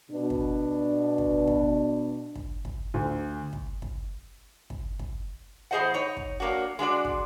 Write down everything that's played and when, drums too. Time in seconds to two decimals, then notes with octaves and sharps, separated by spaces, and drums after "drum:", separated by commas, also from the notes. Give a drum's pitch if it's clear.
0.11 B2 D4
0.30 drum: kick
1.18 drum: kick
1.47 drum: kick
2.35 drum: kick
2.65 drum: kick
2.94 D2
3.53 drum: kick
3.82 drum: kick
4.70 drum: kick
4.99 drum: kick
5.71 E2 A2 G#4 C5 D#5 F#5
5.94 D#4 C#5
6.17 drum: kick
6.40 F#3 A#3 D4 F#4
6.79 G#3 D4 F#4 D5
7.05 drum: kick